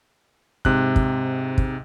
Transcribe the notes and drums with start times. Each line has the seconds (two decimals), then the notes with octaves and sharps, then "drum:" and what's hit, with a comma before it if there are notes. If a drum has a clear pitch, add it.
0.65 G#2 C3 F#6, drum: kick
0.96 drum: kick
1.58 drum: kick